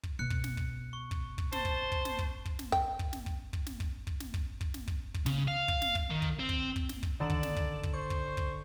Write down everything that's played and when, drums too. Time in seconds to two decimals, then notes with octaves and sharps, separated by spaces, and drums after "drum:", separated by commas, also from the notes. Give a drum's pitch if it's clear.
0.03 drum: kick
0.19 B2 F#6 C#7
0.30 drum: kick
0.44 drum: snare
0.57 drum: kick
0.93 C#6
1.11 drum: kick
1.38 drum: kick
1.52 C5 A5, drum: snare
1.65 drum: kick
1.92 drum: kick
2.05 drum: snare
2.19 drum: kick
2.45 drum: kick
2.59 drum: snare
2.72 G5, drum: kick
2.99 drum: kick
3.13 drum: snare
3.26 drum: kick
3.53 drum: kick
3.66 drum: snare
3.80 drum: kick
4.07 drum: kick
4.20 drum: snare
4.34 drum: kick
4.61 drum: kick
4.74 drum: snare
4.88 drum: kick
5.14 drum: kick
5.26 C#3, drum: snare
5.48 F5
5.68 drum: kick
5.82 drum: snare
5.95 drum: kick
6.10 D#3
6.22 drum: kick
6.39 C4
6.49 drum: kick
6.76 drum: kick
6.89 drum: snare
7.03 drum: kick
7.20 D3 D#3 D5 E7 F#7
7.30 drum: kick
7.43 drum: snare
7.56 drum: kick
7.83 drum: kick
7.94 C5 C#6
8.10 drum: kick
8.37 drum: kick